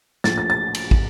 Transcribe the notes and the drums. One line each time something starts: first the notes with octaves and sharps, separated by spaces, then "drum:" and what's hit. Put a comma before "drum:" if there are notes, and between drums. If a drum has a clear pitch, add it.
A#1 A2 F3 A6, drum: snare
A6
A6
drum: cymbal
drum: kick